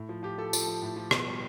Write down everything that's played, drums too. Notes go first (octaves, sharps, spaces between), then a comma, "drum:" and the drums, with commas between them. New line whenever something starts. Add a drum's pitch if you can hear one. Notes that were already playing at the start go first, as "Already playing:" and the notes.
Already playing: A2
F3
F3 G4
F3 A4
F3 A4, drum: tambourine
F3
A2
F3
B2, drum: rim click
G3